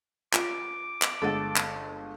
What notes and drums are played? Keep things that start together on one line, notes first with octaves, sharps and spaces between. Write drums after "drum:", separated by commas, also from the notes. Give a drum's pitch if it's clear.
F4 D6, drum: clap
drum: clap
G1 G#3 G#4 A4 F#5 A6
drum: clap